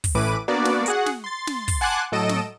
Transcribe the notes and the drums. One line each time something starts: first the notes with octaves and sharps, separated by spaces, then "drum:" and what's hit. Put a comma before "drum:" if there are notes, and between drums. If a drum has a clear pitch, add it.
drum: kick, open hi-hat
A1 A2 E3 B4 D6 D#7
A#3 B3 D4 F#4 D5
drum: snare
F#4 G#4 F#5, drum: hi-hat
drum: snare
C6 A6
drum: snare
drum: kick, open hi-hat
F#5 G#5 A5 C6 D6 F#6
A2 F#3 A4 D#5 D7 E7
drum: snare